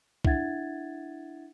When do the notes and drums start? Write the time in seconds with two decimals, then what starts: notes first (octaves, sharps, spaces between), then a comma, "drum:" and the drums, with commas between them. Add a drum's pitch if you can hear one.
0.25 D4 E4 E5 F#5 G#6 A6, drum: kick